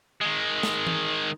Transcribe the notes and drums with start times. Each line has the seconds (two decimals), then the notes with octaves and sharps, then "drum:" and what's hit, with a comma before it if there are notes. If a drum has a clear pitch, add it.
0.21 D#3 G#3
0.63 drum: snare
0.87 drum: tom